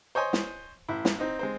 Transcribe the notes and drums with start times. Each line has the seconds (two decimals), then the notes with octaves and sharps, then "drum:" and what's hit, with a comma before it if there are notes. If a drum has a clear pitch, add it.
0.15 C5 C#5 D#5 G#5 C6
0.33 drum: snare
0.89 A1 E4
1.05 drum: snare
1.20 C4 D#4
1.39 G#3 C4 C5